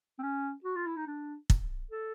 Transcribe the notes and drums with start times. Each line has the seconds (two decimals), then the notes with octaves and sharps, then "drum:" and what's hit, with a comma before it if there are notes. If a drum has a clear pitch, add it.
0.19 C4
0.23 C#4
0.64 F#4
0.76 F4
0.87 E4
0.97 D#4
1.07 D4
1.50 drum: kick
1.92 A4